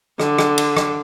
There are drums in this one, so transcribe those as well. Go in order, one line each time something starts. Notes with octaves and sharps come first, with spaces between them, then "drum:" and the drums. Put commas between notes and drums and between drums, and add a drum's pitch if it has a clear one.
D3, drum: rim click
drum: rim click
drum: cymbal
drum: rim click